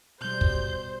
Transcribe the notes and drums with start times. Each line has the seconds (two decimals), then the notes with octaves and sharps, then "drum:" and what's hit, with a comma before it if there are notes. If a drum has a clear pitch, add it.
0.21 B2 G3 C5 G6
0.41 drum: kick